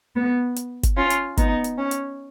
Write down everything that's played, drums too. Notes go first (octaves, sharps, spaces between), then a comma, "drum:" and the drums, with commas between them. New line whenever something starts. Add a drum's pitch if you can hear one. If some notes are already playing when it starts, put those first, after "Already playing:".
B3
drum: hi-hat
drum: kick, hi-hat
C#4 F4
drum: hi-hat
B3 D#4, drum: kick, hi-hat
drum: hi-hat
C#4
drum: hi-hat